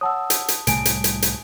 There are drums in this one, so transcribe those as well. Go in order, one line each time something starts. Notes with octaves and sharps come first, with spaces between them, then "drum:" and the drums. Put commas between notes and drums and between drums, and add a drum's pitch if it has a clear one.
C#5 F#5 A5 D#6 E6
drum: hi-hat
drum: hi-hat
C2 A2 G3 G#5 D7, drum: hi-hat
drum: hi-hat
drum: hi-hat
drum: hi-hat